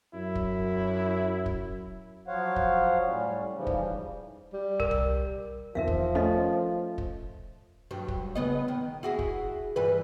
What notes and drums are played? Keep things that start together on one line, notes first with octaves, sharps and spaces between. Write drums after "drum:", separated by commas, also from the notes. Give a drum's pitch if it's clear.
F#2 E4
drum: kick
drum: kick
F3 F#3 C5 C#5 F5 F#5
drum: kick
A2 G3 C#4
G#2 C#3 E3 F3 G3
drum: kick
G3
A#4, drum: kick
drum: tom C2
E2 D#3 F3 A#4 E5 F5
drum: kick
A3 C#4 A4 D#5
drum: kick
G2 F#3
drum: kick
C#3 B3 D#5
D#3
E4 F#4 G#4
drum: kick
G2 E3 B4